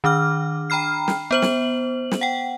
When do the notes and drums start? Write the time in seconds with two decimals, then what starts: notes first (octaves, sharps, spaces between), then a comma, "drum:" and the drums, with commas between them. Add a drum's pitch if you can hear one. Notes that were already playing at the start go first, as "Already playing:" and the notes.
0.04 D#3 D4 D6 F6
0.70 G5 A#5 B5 F6 C7
1.08 drum: snare
1.31 B3 C5 F#7
1.42 drum: snare
2.11 drum: snare
2.21 F#5 G5